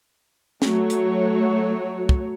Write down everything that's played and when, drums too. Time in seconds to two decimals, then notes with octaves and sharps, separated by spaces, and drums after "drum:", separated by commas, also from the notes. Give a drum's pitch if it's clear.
0.62 F#3 A3 F#4 C#5, drum: snare C#4
0.90 drum: hi-hat
2.09 drum: kick